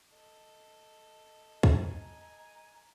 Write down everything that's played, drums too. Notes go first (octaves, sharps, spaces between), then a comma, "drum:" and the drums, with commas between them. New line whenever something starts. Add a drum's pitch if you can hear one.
A4 D#5
G#5 A#5, drum: kick